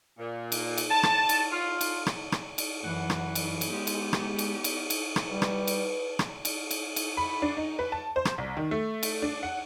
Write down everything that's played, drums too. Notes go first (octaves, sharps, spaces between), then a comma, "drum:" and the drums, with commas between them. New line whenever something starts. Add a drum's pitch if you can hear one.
A#2
drum: cymbal
drum: cymbal
A5
drum: rim click
drum: cymbal
F4
drum: cymbal
drum: rim click
drum: rim click
drum: cymbal
F#2 E3 F#5
drum: rim click
drum: cymbal
drum: cymbal
G#3 B3 G4
drum: cymbal
drum: rim click
drum: cymbal
drum: cymbal
drum: cymbal
drum: rim click
G3 B4
drum: rim click
drum: cymbal
drum: rim click
drum: cymbal
drum: cymbal
drum: cymbal
B5
D4
D#4
B4
A5
C5
drum: rim click
C2
D#3
A3
drum: cymbal
D4
F#5